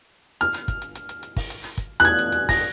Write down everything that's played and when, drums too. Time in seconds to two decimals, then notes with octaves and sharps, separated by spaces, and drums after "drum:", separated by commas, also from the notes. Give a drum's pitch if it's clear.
0.41 F6, drum: hi-hat
0.54 drum: hi-hat
0.68 drum: kick, hi-hat
0.82 drum: hi-hat
0.95 drum: hi-hat
1.09 drum: hi-hat
1.23 drum: hi-hat
1.36 drum: kick, open hi-hat
1.50 drum: hi-hat
1.64 drum: hi-hat
1.78 drum: kick, hi-hat
2.00 F#6
2.05 G#6, drum: hi-hat
2.19 drum: hi-hat
2.32 drum: hi-hat
2.49 A#6, drum: kick, open hi-hat